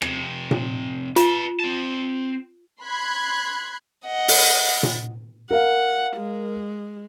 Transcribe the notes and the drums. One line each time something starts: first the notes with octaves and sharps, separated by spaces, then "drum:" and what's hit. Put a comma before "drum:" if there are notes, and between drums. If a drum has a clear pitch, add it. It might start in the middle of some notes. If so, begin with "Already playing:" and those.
F2 C3, drum: rim click
drum: tom A#2
F4 B4 A5, drum: hi-hat
C4 A5
B5 C6 F#6 G#6
D#5 F#5
drum: open hi-hat
drum: tom A#2
A#4 F5 F#5
G#3